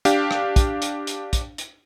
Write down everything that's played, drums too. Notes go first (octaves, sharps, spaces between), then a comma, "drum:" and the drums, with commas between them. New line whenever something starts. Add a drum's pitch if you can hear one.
D4 G4 F5, drum: hi-hat
drum: rim click
drum: kick, hi-hat
drum: hi-hat
drum: hi-hat
drum: kick, hi-hat
drum: hi-hat